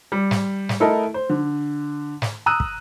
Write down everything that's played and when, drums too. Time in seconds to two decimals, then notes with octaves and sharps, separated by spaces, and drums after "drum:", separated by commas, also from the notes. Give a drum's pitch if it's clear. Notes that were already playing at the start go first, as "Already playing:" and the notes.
0.12 G3
0.31 drum: snare
0.69 drum: snare
0.80 A3 E4 A4 A#4 D#5
1.14 C5
1.29 D3
2.22 drum: snare
2.46 A#5 D#6 E6 F#6 D#7
2.60 drum: kick